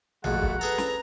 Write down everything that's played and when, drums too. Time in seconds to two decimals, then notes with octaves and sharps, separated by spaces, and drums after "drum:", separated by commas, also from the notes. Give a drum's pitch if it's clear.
0.24 A#1 G#2 A3 F#4 F#5, drum: tom A1
0.42 drum: kick
0.61 G#4 A4 B4 A#5
0.78 drum: snare